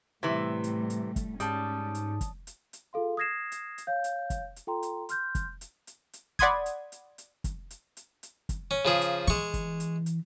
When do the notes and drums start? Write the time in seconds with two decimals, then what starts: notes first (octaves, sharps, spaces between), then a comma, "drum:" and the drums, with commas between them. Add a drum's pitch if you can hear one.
0.23 A2 C3 E3 G3 A3
0.64 drum: hi-hat
0.90 drum: hi-hat
1.16 drum: kick, hi-hat
1.40 G#2 G3 C#4 A5 D#6, drum: hi-hat
1.95 drum: hi-hat
2.21 drum: kick, hi-hat
2.47 drum: hi-hat
2.73 drum: hi-hat
2.93 F4 G#4 A4 F5 C6
3.17 D#6 F6 G#6 A#6 C7 E7
3.52 drum: hi-hat
3.78 drum: hi-hat
3.87 C#5 F5 G6
4.04 drum: hi-hat
4.30 drum: kick, hi-hat
4.56 drum: hi-hat
4.67 F4 A4 G5 A#5 C6
4.83 drum: hi-hat
5.09 C6 F6 G6, drum: hi-hat
5.35 drum: kick, hi-hat
5.61 drum: hi-hat
5.87 drum: hi-hat
6.13 drum: hi-hat
6.39 D5 F#5 B5 C6 D#6 G#6, drum: kick, hi-hat
6.66 drum: hi-hat
6.92 drum: hi-hat
7.18 drum: hi-hat
7.44 drum: kick, hi-hat
7.71 drum: hi-hat
7.97 drum: hi-hat
8.23 drum: hi-hat
8.49 drum: kick, hi-hat
8.71 C#4
8.85 C#3 F3 G#4
9.01 drum: hi-hat
9.28 E3 G#3 C#6, drum: hi-hat
9.54 drum: kick, hi-hat
9.80 drum: hi-hat
10.06 drum: hi-hat